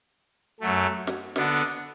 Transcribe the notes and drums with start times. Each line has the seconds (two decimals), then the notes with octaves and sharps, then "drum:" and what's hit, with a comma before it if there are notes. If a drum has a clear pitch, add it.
0.60 F#2 F#3 A3
1.07 drum: snare
1.36 D3 B3 D4, drum: snare
1.56 drum: open hi-hat